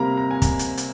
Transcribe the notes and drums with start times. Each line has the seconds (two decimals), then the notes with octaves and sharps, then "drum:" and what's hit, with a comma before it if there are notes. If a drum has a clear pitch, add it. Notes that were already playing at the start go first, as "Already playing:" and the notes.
Already playing: C3 G3 A#3 A#5
0.17 A#5
0.31 G#5
0.42 A#5, drum: kick, hi-hat
0.59 drum: hi-hat
0.77 drum: hi-hat